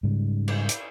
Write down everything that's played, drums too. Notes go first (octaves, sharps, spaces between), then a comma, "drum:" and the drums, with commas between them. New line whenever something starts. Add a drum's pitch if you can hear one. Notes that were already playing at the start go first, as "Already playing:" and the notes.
G#2 C#3 G3
drum: cymbal
drum: hi-hat